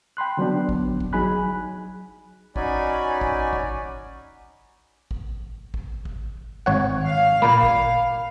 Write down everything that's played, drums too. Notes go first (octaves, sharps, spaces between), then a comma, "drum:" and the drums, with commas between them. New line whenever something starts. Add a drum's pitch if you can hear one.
G5 B5 C6 F#6
D3 F#3 B3 D4
drum: kick
drum: kick
F#3 D#4 G#4 G#5 B5 F#6
C#4 D#4 F#4 D5 G#5 B5, drum: kick
drum: kick
drum: kick
drum: kick
drum: kick
drum: kick
G#1 C#5 F#5
F5
A#2 A#3 B5
drum: kick